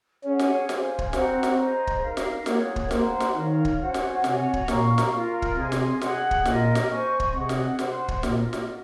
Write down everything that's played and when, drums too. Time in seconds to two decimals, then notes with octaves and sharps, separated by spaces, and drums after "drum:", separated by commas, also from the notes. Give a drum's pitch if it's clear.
0.24 C#4 G#4 C#5 F#5
0.39 drum: snare
0.69 C5 F5 G#5, drum: snare
0.99 drum: kick
1.13 C4 F#4 C5 F#5 A#5, drum: snare
1.43 drum: snare
1.58 G#4 C5 D#5 A#5
1.87 drum: kick
2.02 D#4 A#4 F5
2.17 drum: snare
2.46 A#3 F4 G#4 C#5 F#5, drum: snare
2.76 drum: kick
2.91 A#3 C5 F#5 A#5, drum: snare
3.20 drum: snare
3.35 D#3 A#4 C#5 F5
3.65 drum: kick
3.80 C#4 F#4 C5 F#5
3.94 drum: snare
4.24 C3 F#4 C#5 G#5, drum: snare
4.53 drum: kick
4.68 A#2 A#4 F5 A#5 C#6, drum: snare
4.98 drum: snare
5.13 F4 A#4 F5
5.42 drum: kick
5.57 C3 G#4 D#5 G#5 C6
5.72 drum: snare
6.01 G#4 D#5 F#5, drum: snare
6.31 drum: kick
6.45 A#2 F4 A#4 D#5, drum: snare
6.75 drum: snare
6.90 C5 D#5 G#5 C#6
7.20 drum: kick
7.34 C3 G#4 D#5 F#5
7.49 drum: snare
7.79 C5 F#5 C6, drum: snare
8.08 drum: kick
8.23 A#2 F4 A#4 D#5, drum: snare
8.53 drum: snare
8.67 F#4